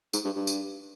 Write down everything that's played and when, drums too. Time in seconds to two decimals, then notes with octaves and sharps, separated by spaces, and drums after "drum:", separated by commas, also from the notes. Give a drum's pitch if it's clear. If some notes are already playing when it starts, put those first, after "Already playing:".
0.13 G#2, drum: tambourine
0.25 G2
0.36 G2
0.47 drum: tambourine